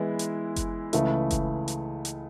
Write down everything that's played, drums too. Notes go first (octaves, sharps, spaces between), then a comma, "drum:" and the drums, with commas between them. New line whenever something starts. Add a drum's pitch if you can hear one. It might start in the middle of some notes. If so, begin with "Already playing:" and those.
Already playing: E3 G#3 B3 E4
drum: hi-hat
drum: kick F#1, hi-hat
C#2 C#3 E3 A3, drum: hi-hat
drum: kick F#1, hi-hat
drum: hi-hat
drum: hi-hat